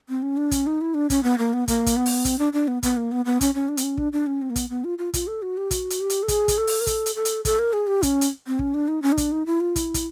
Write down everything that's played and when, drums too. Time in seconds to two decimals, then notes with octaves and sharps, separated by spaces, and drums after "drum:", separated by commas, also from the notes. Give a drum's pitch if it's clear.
0.09 C4
0.22 C#4
0.37 D4
0.51 C#4, drum: kick, hi-hat
0.67 D#4
0.81 E4
0.94 D4
1.10 C#4, drum: kick, hi-hat
1.23 B3
1.38 A#3
1.53 B3
1.68 A#3, drum: kick, hi-hat
1.86 drum: kick, hi-hat
1.96 B3
2.06 drum: open hi-hat
2.25 C4, drum: kick, hi-hat
2.39 D4
2.53 D4
2.68 B3
2.83 B3, drum: kick, hi-hat
2.97 A#3
3.12 B3
3.25 B3
3.41 C#4, drum: kick, hi-hat
3.55 C#4
3.69 D4
3.77 C4, drum: hi-hat
3.83 C#4
3.97 D4, drum: kick
4.13 D4
4.27 C#4
4.42 C4
4.50 A#3
4.56 B3, drum: kick, hi-hat
4.70 B3
4.84 F4
4.98 F4
5.14 F4, drum: kick, hi-hat
5.27 A4
5.42 F#4
5.57 G4
5.71 F#4, drum: kick, hi-hat
5.90 drum: hi-hat
6.00 G4
6.10 drum: hi-hat
6.23 A4
6.28 G#4, drum: kick, hi-hat
6.48 drum: kick, hi-hat
6.58 A4
6.67 drum: open hi-hat
6.81 A#4
6.87 A4, drum: kick, hi-hat
7.06 drum: hi-hat
7.15 A4
7.25 drum: hi-hat
7.45 A4, drum: kick, hi-hat
7.59 A#4
7.73 G#4
7.87 G4
8.03 C#4, drum: kick, hi-hat
8.21 drum: hi-hat
8.47 C4
8.59 C#4, drum: kick
8.74 D4
8.88 D#4
9.02 C#4
9.12 D#4
9.17 D4, drum: kick, hi-hat
9.32 D#4
9.46 E4
9.61 F4
9.76 E4, drum: kick, hi-hat
9.94 drum: kick, hi-hat